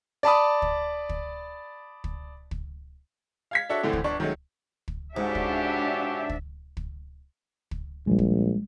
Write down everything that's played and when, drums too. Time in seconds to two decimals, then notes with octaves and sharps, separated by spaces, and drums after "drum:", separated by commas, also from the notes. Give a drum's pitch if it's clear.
0.23 D5 A5 B5 D#6
0.62 drum: kick
1.09 drum: kick
2.04 drum: kick
2.51 drum: kick
3.51 F5 G#6 B6
3.69 D4 F#4 A4 C#5 E5
3.83 A2 D3 E3 A3 C4 E4
3.93 drum: kick
4.04 G1 D4 C#6
4.20 D#3 F#3 G#3 A3 C#4
4.88 drum: kick
5.17 G#2 C#3 D4 F#4 G4 E5
5.35 drum: kick
6.29 drum: kick
6.77 drum: kick
7.71 drum: kick
8.07 A#1 G3 G#3
8.19 drum: kick